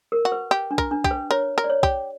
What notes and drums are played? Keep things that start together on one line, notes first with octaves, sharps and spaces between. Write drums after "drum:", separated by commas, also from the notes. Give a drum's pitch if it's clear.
A#4
F#4
B4
G4
D4
A#4, drum: kick B1
D4
G4, drum: kick B1
B4
A#4 C#5
A#4
D5
C#5
G4, drum: kick B1